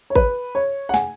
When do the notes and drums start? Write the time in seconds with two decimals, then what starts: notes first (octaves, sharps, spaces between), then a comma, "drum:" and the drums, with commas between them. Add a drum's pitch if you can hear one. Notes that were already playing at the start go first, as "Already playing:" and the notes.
0.10 C#5
0.15 B4, drum: kick G#1
0.55 C#5
0.89 F#5
0.94 G#5, drum: snare